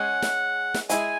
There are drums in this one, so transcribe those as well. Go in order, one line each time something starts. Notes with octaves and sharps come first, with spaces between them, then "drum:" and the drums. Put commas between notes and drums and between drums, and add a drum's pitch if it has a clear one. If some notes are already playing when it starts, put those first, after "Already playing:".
Already playing: G#3 C#4 G#4 F#5
drum: snare
drum: snare
G#3 E4 G#4 G#5, drum: hi-hat